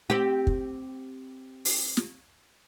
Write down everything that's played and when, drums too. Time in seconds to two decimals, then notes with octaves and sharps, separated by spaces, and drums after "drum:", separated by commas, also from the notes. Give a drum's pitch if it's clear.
0.10 C4 G4
0.47 drum: kick
1.65 drum: open hi-hat
1.97 drum: snare